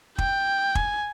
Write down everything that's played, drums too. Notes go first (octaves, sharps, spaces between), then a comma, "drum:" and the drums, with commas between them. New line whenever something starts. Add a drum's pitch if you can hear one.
G5, drum: kick
G#5, drum: kick